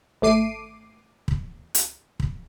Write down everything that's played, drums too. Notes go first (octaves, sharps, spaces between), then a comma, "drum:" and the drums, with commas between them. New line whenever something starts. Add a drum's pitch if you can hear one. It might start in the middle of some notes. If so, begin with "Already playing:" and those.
G#1 A3 D6 C7 D#7
drum: kick
drum: hi-hat
drum: kick